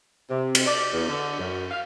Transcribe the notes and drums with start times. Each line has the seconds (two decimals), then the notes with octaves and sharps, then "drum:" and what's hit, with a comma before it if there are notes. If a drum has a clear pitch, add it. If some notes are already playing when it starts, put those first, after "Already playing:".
0.30 C3
0.55 drum: cymbal
0.66 D5
0.93 E2
1.08 D3
1.39 F#2
1.71 F5